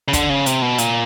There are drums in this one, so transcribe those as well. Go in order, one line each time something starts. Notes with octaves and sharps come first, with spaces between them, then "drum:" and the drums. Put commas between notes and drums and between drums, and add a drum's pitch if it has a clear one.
C#3
D3, drum: kick, hi-hat
C#3
C3, drum: hi-hat
B2
A#2, drum: hi-hat